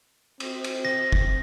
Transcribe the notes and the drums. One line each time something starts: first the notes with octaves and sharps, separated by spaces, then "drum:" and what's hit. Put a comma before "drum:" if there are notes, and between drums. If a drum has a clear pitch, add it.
C4, drum: cymbal
drum: cymbal
A#6
drum: kick G1